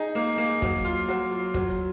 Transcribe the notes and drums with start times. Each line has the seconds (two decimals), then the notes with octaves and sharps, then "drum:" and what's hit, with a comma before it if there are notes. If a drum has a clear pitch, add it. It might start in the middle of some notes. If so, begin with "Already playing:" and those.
Already playing: D#4 G#4
0.15 A#3
0.38 A#3
0.62 F#3, drum: kick
0.85 F4
1.08 F#3
1.31 F4
1.54 F#3, drum: kick